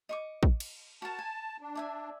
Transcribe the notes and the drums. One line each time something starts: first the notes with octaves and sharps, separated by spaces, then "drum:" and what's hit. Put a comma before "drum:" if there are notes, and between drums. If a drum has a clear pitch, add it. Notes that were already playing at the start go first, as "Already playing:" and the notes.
D#5 C#6 D6
drum: kick
drum: cymbal
F#4 A#4 A5
G#5
D4
D5 E5 G#5